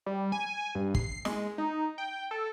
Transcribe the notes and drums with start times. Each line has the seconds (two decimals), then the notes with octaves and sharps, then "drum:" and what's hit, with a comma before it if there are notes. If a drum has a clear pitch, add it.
0.06 G3
0.32 G#5
0.75 G2
0.95 C7, drum: kick
1.25 G#3, drum: snare
1.58 D#4
1.98 G5
2.31 A4